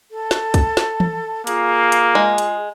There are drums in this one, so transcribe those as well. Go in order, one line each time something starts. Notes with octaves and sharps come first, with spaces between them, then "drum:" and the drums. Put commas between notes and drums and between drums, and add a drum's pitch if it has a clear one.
A4
drum: snare
drum: kick, hi-hat
drum: snare
drum: tom E3
A#3 F4 G#4, drum: hi-hat
drum: hi-hat
G#3
drum: hi-hat